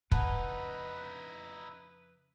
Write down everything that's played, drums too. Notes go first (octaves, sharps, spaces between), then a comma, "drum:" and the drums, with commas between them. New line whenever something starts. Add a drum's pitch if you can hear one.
F2 C#3 D#4 E4 B4 F#5 A5, drum: kick